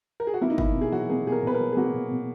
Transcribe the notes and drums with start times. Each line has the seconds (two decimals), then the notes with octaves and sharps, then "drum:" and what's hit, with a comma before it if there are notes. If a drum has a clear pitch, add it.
0.20 A#4
0.27 G#4
0.34 F#4
0.41 A#3 E4
0.50 D#4
0.58 B2 E4, drum: kick G1
0.75 B2
0.81 G#4
0.92 F#3 F#4
1.09 A#3 G#4
1.26 B2 G#4
1.32 A#4
1.43 B2 B4
1.54 A#4
1.60 F#3
1.73 G#4
1.77 A#3 F#4
1.94 B2
2.11 B2